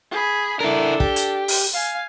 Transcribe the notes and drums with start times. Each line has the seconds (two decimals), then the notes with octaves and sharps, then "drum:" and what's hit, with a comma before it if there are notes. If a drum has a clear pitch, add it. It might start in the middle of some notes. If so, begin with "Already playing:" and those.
0.12 G#4 B5
0.61 D4 E4 A4 A#4
1.00 G4, drum: kick
1.16 drum: hi-hat
1.48 drum: open hi-hat
1.73 F5 G#5